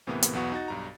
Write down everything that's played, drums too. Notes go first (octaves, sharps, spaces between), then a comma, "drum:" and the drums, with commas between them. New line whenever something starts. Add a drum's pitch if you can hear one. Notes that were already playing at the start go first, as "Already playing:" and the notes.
D2 A2 C3 E3 A#3 B3
drum: hi-hat
B1 E2 B3 F#4 C#6
D#4 F#4 A6
B1 G2 A#5